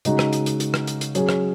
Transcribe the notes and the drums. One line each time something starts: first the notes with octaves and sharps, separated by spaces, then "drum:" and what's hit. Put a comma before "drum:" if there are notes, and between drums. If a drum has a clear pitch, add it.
C#3 G#3 D#4 F#4, drum: hi-hat
drum: rim click
drum: hi-hat
drum: hi-hat
drum: hi-hat
drum: rim click
drum: hi-hat
drum: hi-hat
F#3 C#4 G#4, drum: hi-hat
drum: rim click